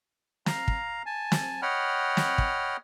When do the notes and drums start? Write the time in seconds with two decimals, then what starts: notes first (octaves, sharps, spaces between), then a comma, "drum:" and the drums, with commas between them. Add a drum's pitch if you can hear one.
0.46 F5 A#5, drum: snare
0.68 drum: kick
1.06 G#5 A5
1.32 drum: snare
1.62 C#5 D#5 F#5 G5 B5 F6
2.17 drum: snare
2.38 drum: kick